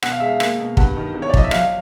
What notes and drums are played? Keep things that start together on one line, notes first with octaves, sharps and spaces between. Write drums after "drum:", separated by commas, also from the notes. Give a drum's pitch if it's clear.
B2 F#5, drum: rim click
F5
G#3 E5
F5
A#3, drum: rim click
B2
G2 F#5, drum: kick
D#3
E2
C#5
D5
F3 D#5, drum: kick
E5
F#3 F5, drum: rim click